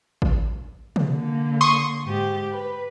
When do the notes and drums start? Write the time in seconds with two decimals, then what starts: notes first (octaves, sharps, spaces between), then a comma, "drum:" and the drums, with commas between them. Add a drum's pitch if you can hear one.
0.22 drum: kick A1
0.96 drum: tom
1.06 D3 A#3
1.61 C6 C#6 D#6
2.05 G#2 G4
2.52 B4